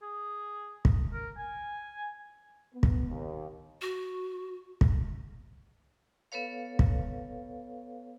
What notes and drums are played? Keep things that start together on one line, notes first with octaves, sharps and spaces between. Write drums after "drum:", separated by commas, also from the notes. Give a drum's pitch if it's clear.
G#4
drum: kick
A#4
G#5
B3
drum: kick
D#2
F#4
drum: kick
B3 A4 B4 C#5 F5
drum: kick